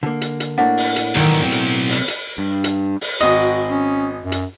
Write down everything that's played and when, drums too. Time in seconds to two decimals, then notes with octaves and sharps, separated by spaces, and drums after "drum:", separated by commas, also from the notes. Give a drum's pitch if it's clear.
0.03 D3 A#3
0.21 drum: hi-hat
0.40 drum: hi-hat
0.58 A2 A#3 D4 F#5
0.77 drum: open hi-hat
0.96 drum: hi-hat
1.15 B1 G#2 D#3 E3
1.42 C4
1.52 drum: hi-hat
1.89 drum: open hi-hat
2.08 drum: hi-hat
2.38 G2
2.64 drum: hi-hat
3.01 drum: open hi-hat
3.21 G#1 F#4 D#5, drum: hi-hat
3.70 C#4
4.22 F#2
4.32 drum: hi-hat